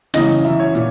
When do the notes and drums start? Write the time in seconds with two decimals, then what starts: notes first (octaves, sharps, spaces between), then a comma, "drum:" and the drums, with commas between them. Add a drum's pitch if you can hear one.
0.14 F#2 C#3 E3 D#5, drum: snare
0.44 F#2 E3 E5, drum: hi-hat
0.60 C#5
0.75 A#2, drum: hi-hat